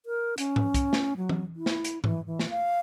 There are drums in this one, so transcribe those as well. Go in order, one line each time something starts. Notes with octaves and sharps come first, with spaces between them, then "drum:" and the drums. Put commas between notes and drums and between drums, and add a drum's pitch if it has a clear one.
A#4
C#4, drum: hi-hat
drum: tom G#2
drum: kick, hi-hat
drum: snare
F#3
drum: tom E3
E4
drum: snare
drum: hi-hat
E3, drum: tom G#2
E3
drum: snare
F5